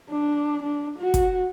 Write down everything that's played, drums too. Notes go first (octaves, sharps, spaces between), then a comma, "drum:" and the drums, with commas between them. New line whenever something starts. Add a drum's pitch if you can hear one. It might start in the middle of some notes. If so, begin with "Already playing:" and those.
D4
D4
F#4
drum: kick, hi-hat